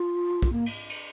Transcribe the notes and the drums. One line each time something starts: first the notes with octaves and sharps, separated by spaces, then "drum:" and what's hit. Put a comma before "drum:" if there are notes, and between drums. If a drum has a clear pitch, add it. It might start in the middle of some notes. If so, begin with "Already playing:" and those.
Already playing: F4
drum: kick
A#3
drum: cymbal
drum: cymbal